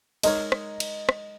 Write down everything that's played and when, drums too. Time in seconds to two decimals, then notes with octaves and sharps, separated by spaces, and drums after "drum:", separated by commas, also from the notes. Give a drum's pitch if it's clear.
0.23 G#3 D#4 A#4 C#5 D#5, drum: cymbal
0.52 drum: rim click
0.80 drum: cymbal
1.09 drum: rim click